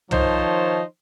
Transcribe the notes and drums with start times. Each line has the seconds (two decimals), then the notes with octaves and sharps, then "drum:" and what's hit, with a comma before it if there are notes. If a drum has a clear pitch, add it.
0.11 D#3 F3 D#4 C5 C#5 A5, drum: tom